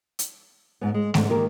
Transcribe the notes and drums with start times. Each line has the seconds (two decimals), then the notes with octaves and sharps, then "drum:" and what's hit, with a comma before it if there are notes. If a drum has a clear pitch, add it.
0.19 drum: hi-hat
0.81 G#2 B3
0.94 G#3
1.14 G#2 D3, drum: snare A3
1.29 D#3 A#3 G4 A#4